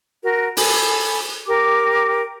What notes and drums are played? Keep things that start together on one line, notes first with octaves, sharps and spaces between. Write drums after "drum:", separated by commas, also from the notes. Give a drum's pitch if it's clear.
F#4 A#4
A4 G#5 B5, drum: open hi-hat
G4 A#4 D6